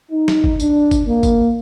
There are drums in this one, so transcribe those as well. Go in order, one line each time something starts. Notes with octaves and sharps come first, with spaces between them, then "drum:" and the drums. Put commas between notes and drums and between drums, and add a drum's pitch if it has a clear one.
D#4
drum: snare
drum: kick
D4, drum: tambourine
drum: kick, tambourine
A#3
drum: kick, tambourine